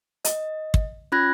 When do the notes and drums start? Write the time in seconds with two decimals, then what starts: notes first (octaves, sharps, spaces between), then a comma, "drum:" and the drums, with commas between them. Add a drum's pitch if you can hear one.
0.25 D#5, drum: hi-hat
0.74 drum: kick
1.12 C#4 F4 B5 F#6 G#6 A#6